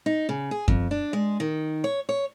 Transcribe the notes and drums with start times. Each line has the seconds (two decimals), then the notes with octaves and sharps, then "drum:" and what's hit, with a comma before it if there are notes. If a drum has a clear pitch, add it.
0.06 D#4
0.29 C#3
0.51 G#4
0.68 F2, drum: kick F#2
0.91 D4
1.13 G#3
1.40 D#3
1.84 C#5
2.09 C#5